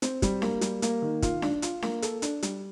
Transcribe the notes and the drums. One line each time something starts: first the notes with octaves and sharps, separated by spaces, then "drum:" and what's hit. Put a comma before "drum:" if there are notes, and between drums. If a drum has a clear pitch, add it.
C4, drum: hi-hat
G3, drum: kick, hi-hat
A#3, drum: snare D4
G3, drum: hi-hat
A#3, drum: hi-hat
D#3
F4, drum: kick, hi-hat
D4, drum: snare D4
F4, drum: hi-hat
A#3, drum: snare D4
A4, drum: hi-hat
D4, drum: hi-hat
G3, drum: hi-hat